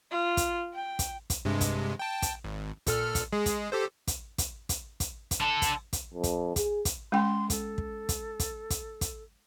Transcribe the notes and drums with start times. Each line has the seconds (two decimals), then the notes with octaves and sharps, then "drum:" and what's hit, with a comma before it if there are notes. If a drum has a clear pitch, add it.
0.11 F4
0.37 drum: kick, hi-hat
0.74 G5
0.99 drum: kick, hi-hat
1.30 drum: kick, hi-hat
1.45 G2 C3 G#3
1.61 drum: kick, hi-hat
1.99 G5 A5
2.22 drum: kick, hi-hat
2.44 G#1
2.87 A#2 A4 F6, drum: kick, hi-hat
3.15 drum: kick, hi-hat
3.32 G#3 G#4
3.46 drum: kick, hi-hat
3.72 G4 A4 C5
4.07 drum: kick, hi-hat
4.38 drum: kick, hi-hat
4.69 drum: kick, hi-hat
5.00 drum: kick, hi-hat
5.31 drum: kick, hi-hat
5.41 D3 A4 A5
5.62 drum: kick, hi-hat
5.93 drum: kick, hi-hat
6.14 F2
6.23 drum: kick, hi-hat
6.56 G#4, drum: kick, hi-hat
6.85 drum: kick, hi-hat
7.12 G#3 C#4 G5 C6
7.50 A4, drum: kick, hi-hat
7.78 drum: kick
8.09 drum: kick, hi-hat
8.40 drum: kick, hi-hat
8.70 drum: kick, hi-hat
9.01 drum: kick, hi-hat